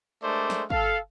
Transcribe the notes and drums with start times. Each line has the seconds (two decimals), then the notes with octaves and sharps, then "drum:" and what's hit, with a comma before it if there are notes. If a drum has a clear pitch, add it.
0.23 G#3 A3 D4 A#4 C5 D5
0.50 drum: snare
0.70 A4 F5, drum: kick